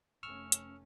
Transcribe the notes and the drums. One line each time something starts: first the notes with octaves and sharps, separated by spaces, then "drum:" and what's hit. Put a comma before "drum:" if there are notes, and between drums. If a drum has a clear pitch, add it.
F1 A3 C#4 C#6 E6 F6
drum: hi-hat